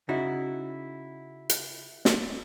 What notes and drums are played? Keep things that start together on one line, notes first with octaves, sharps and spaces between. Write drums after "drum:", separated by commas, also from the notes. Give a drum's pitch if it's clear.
C#3 D#4 E4 F#4
drum: hi-hat
drum: snare